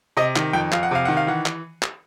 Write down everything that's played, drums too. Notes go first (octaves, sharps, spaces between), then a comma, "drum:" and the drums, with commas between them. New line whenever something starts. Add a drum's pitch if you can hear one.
C3 D#5
D#3, drum: clap
F2 G5
F2 F5, drum: clap
F#5
C3 F5
D#3 F#5
F5
E3 F#5
drum: clap
drum: clap